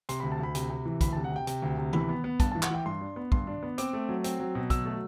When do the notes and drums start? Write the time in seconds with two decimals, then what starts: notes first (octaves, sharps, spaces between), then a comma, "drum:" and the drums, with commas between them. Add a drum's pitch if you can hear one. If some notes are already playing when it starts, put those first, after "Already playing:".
0.09 C3 C6, drum: hi-hat
0.20 B5
0.23 D2
0.32 A5
0.40 D2 B5
0.55 C3, drum: hi-hat
0.70 C3
0.85 E3
1.01 D2 B5, drum: kick, hi-hat
1.12 A5
1.16 C3
1.24 F#5
1.32 C3 G5
1.47 C3, drum: hi-hat
1.62 D2
1.78 C3
1.93 E3 B5, drum: tom D#3
2.09 B3
2.24 B3
2.40 G2 A5, drum: kick, hi-hat
2.51 A5
2.55 E3
2.63 F#5, drum: clap
2.70 E3 G5
2.86 G2 C6
3.01 D4
3.16 B3
3.32 G2 C6, drum: kick
3.47 D4
3.63 B3
3.78 C4 D6, drum: hi-hat
3.93 A3
4.09 F#3
4.24 C4, drum: hi-hat
4.40 F#3
4.55 B2
4.70 F#3 E6, drum: kick, hi-hat
4.85 A3